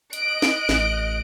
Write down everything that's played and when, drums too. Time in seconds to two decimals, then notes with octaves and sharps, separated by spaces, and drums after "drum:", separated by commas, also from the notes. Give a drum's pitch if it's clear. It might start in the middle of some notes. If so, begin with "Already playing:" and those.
0.13 D#5 F#6 D7, drum: hi-hat
0.42 drum: snare
0.69 A1, drum: snare